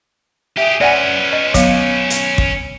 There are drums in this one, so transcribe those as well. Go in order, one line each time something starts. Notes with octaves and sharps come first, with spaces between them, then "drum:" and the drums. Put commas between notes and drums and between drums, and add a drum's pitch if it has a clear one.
G4 G#4 E5
C#4 B4 D5 F#5 G#5
D#5
F#3 B3 F5, drum: kick, hi-hat
drum: hi-hat
drum: kick